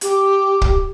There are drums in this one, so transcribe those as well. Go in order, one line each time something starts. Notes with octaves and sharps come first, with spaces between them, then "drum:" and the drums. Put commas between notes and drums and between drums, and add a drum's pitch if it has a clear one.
G4, drum: hi-hat
drum: kick